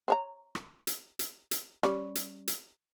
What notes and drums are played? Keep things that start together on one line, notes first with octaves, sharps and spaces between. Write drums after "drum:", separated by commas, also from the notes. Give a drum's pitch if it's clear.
C4 C#5 A#5
drum: rim click
drum: hi-hat
drum: hi-hat
drum: hi-hat
G3 C#4 D5, drum: rim click
drum: hi-hat
drum: hi-hat